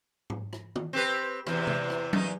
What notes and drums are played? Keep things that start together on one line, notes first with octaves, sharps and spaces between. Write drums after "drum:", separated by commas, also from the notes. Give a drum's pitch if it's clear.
drum: tom G#2
drum: rim click
drum: tom
C4 G4 B4
E2 C3 E3, drum: rim click
drum: tom C3
drum: rim click
E2 A#2 D#4, drum: tom F#3